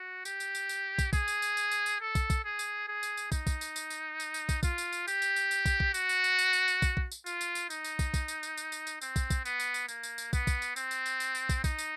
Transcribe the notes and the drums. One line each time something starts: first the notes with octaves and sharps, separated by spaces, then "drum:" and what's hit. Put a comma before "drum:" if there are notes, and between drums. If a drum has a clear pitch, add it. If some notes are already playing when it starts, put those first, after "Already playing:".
Already playing: F#4
G4, drum: tambourine
drum: tambourine
drum: tambourine
drum: tambourine
drum: kick, tambourine
G#4, drum: kick, tambourine
drum: tambourine
drum: tambourine
drum: tambourine
drum: tambourine
drum: tambourine
A4
drum: kick, tambourine
drum: kick, tambourine
G#4
drum: tambourine
G#4
drum: tambourine
drum: tambourine
D#4, drum: kick, tambourine
drum: kick, tambourine
drum: tambourine
drum: tambourine
drum: tambourine
drum: tambourine
drum: tambourine
drum: kick, tambourine
F4, drum: kick, tambourine
drum: tambourine
drum: tambourine
G4, drum: tambourine
drum: tambourine
drum: tambourine
drum: tambourine
drum: kick, tambourine
drum: kick
F#4, drum: tambourine
drum: tambourine
drum: tambourine
drum: tambourine
drum: tambourine
drum: tambourine
drum: kick, tambourine
drum: kick
drum: tambourine
F4, drum: tambourine
drum: tambourine
drum: tambourine
D#4, drum: tambourine
drum: tambourine
drum: kick, tambourine
drum: kick, tambourine
drum: tambourine
drum: tambourine
drum: tambourine
drum: tambourine
drum: tambourine
C4, drum: tambourine
drum: kick, tambourine
drum: kick, tambourine
B3, drum: tambourine
drum: tambourine
drum: tambourine
A#3, drum: tambourine
drum: tambourine
drum: tambourine
B3, drum: kick, tambourine
drum: kick, tambourine
drum: tambourine
C4, drum: tambourine
drum: tambourine
drum: tambourine
drum: tambourine
drum: tambourine
drum: kick, tambourine
D#4, drum: kick, tambourine
drum: tambourine